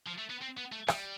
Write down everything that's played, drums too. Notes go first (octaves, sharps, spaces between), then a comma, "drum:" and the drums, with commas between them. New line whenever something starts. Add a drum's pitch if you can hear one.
F3
A3
B3
C4
B3
A3
G3, drum: rim click